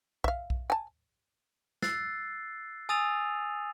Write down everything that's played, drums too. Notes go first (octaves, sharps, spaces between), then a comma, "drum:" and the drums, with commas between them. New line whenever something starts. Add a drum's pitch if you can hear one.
E5 F5, drum: kick B1
drum: kick B1
G#5 A5
E6 F#6 A6 C7, drum: snare
G#5 D#6 E6 A6 D#7 F7